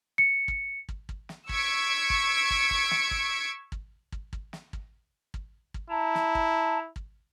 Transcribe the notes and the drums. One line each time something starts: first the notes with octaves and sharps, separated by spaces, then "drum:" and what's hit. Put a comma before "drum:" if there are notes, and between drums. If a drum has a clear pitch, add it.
C#7
drum: kick
drum: kick
drum: kick
drum: snare
C#6 E6 G#6 B6 C#7 D7, drum: kick
drum: kick
drum: kick
drum: kick
drum: snare
drum: kick
drum: kick
drum: kick
drum: kick
drum: snare
drum: kick
drum: kick
drum: kick
E4 A5 A#5
drum: snare
drum: kick
drum: kick